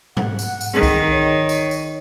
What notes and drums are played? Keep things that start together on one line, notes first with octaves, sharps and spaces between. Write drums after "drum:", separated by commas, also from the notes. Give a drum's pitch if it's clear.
F#5, drum: tom G#2
drum: tambourine
drum: tambourine
D#3 G#4
drum: kick C2, tambourine
C#5
drum: tambourine
drum: tambourine